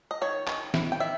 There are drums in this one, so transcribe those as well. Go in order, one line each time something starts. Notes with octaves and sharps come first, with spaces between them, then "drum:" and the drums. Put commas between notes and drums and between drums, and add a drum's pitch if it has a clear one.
D#5
D#3 C#5
D#3, drum: clap
E4, drum: snare
G5
D#3 E5